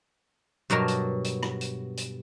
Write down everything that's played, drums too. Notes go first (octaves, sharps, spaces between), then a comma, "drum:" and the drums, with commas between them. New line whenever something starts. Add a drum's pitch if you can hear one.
G2 B2 F#3 A#4 A5
drum: hi-hat
drum: hi-hat
drum: rim click
drum: hi-hat
drum: hi-hat